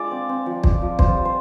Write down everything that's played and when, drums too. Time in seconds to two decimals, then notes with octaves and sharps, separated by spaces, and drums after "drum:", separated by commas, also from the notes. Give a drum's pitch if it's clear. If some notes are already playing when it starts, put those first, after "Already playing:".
Already playing: G#3 D4 F4 D5
0.11 C4
0.29 C4
0.46 F3
0.64 F3, drum: kick
0.82 F3
0.99 F4 C5, drum: kick
1.17 G3
1.25 C5